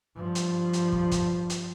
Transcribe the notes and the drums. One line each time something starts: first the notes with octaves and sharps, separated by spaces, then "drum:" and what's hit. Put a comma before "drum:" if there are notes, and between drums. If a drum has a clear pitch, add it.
G2 F3
drum: hi-hat
drum: hi-hat
drum: kick
drum: kick, hi-hat
drum: hi-hat